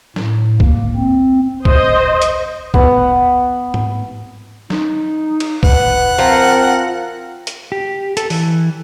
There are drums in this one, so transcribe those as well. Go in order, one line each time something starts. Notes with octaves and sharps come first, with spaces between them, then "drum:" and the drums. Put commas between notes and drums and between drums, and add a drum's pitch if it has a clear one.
A2, drum: snare
A#3, drum: kick
C4
C5 D#5, drum: kick
drum: hi-hat
B3 F#5, drum: kick
drum: tom G#2
D#4, drum: snare
drum: cymbal
B4 F#5, drum: kick
F3 C4 A#4 C5
drum: hi-hat
G4
A4, drum: hi-hat
E3, drum: open hi-hat